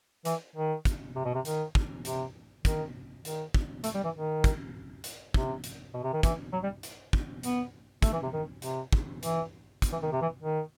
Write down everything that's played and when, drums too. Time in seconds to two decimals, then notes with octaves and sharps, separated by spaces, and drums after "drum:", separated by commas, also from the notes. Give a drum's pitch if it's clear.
0.25 E3, drum: hi-hat
0.56 D#3
0.85 drum: kick, hi-hat
1.16 C3
1.25 B2
1.35 C3
1.45 D#3, drum: hi-hat
1.75 drum: kick
2.05 C3, drum: hi-hat
2.65 D#3, drum: kick, hi-hat
3.25 D#3, drum: hi-hat
3.54 drum: kick
3.84 A3, drum: hi-hat
3.94 G3
4.04 E3
4.15 D#3
4.44 drum: kick, hi-hat
5.04 drum: hi-hat
5.34 C3, drum: kick
5.64 drum: hi-hat
5.94 B2
6.04 C3
6.13 D#3
6.23 E3, drum: kick, hi-hat
6.53 F#3
6.63 G3
6.83 drum: hi-hat
7.13 drum: kick
7.43 B3, drum: hi-hat
8.02 A3, drum: kick, hi-hat
8.13 E3
8.23 C3
8.33 D#3
8.62 C3, drum: hi-hat
8.93 drum: kick
9.23 E3, drum: hi-hat
9.82 drum: kick, hi-hat
9.92 E3
10.03 D#3
10.12 C3
10.22 E3
10.42 D#3